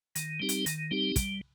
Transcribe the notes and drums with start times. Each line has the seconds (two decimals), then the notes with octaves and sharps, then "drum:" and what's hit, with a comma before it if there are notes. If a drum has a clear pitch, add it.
0.15 D#3, drum: hi-hat
0.40 G3 C4 D#4 G4
0.49 drum: hi-hat
0.66 D#3, drum: hi-hat
0.91 G3 C4 D#4 G4
1.16 G3, drum: kick, hi-hat